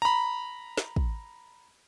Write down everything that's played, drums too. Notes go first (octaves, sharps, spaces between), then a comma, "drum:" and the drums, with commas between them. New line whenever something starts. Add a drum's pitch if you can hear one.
A#5 B5
drum: snare
drum: kick